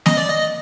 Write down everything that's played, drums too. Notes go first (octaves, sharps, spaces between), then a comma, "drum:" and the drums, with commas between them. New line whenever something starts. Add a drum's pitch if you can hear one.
D#5, drum: snare A#3
D5
D#5